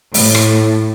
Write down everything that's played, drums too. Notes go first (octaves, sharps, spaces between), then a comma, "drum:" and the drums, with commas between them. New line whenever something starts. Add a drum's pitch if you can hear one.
A2, drum: open hi-hat
drum: rim click